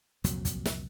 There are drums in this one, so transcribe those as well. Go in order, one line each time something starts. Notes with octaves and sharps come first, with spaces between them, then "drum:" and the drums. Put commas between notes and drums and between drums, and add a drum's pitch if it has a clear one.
C2 F2 A#2 F#3, drum: hi-hat
drum: kick, hi-hat
drum: snare